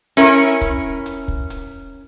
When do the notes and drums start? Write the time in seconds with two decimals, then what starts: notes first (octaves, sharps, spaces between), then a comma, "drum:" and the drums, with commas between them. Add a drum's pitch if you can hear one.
0.17 C#4 E4 A#4
0.61 drum: kick, hi-hat
1.06 drum: hi-hat
1.28 drum: kick
1.50 drum: hi-hat